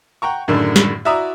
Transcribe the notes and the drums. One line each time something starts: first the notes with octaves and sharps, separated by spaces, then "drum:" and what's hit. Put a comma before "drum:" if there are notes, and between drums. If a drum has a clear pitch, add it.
F#5 G5 A#5 C#6
F#2 A2 D3 D#3 G#3 D4
drum: snare
E4 F#4 D5 E5 A#5 D#6